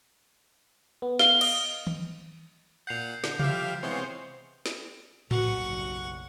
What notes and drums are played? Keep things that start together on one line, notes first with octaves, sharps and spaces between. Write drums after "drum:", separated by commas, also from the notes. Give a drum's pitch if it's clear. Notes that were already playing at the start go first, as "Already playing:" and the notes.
B3
F5 G7, drum: snare
D#5, drum: cymbal
drum: tom D#3
A#2 F#5 G6 C7 F7
D3, drum: snare
F3 G3 G4 E5 F5, drum: tom C3
C3 E3 G#3 B3 C5 C#5
drum: snare
F#1 B1 G3 F#4 B4 F#5 C#6, drum: tom G#2